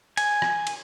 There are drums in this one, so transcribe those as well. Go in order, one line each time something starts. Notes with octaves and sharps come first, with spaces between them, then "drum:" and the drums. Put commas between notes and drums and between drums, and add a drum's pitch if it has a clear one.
G#5, drum: cymbal
drum: rim click
drum: cymbal